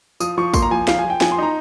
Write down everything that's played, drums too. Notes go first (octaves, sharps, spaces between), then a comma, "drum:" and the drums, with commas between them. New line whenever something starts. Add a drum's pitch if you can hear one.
F3 D#6, drum: tambourine
F3 C#6
A#3 C6, drum: kick, tambourine
A#5
F3 G#5
F3 F5, drum: snare
G#5
F3
G5
F3 G#5, drum: snare
C6
D#4 A#5